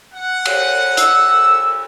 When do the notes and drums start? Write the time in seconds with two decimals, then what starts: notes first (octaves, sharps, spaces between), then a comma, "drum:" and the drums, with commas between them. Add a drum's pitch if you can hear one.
0.14 F#5
0.45 drum: cymbal
0.97 E6, drum: hi-hat